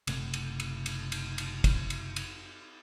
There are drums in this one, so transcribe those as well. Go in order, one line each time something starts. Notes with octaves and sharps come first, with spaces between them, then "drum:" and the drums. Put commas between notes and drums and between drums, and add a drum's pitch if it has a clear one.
F#1 C3 A3, drum: cymbal
drum: cymbal
drum: cymbal
drum: cymbal
drum: cymbal
drum: cymbal
drum: kick, cymbal
drum: cymbal
drum: cymbal